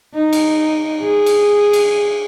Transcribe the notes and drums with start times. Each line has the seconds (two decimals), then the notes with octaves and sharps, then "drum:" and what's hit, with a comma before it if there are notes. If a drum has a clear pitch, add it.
0.14 D#4
0.33 drum: cymbal
1.03 G#4
1.26 drum: cymbal
1.73 drum: cymbal